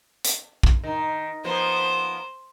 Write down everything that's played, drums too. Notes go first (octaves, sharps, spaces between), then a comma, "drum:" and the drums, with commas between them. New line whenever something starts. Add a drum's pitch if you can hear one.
drum: hi-hat
drum: kick
D#3
F3 A#3 B3 C5